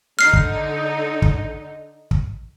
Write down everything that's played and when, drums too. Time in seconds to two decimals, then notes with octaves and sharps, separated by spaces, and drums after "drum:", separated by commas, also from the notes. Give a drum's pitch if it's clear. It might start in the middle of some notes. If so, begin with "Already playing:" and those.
0.19 D3 D#4 F6 C7
0.33 drum: kick
1.22 drum: kick
2.11 drum: kick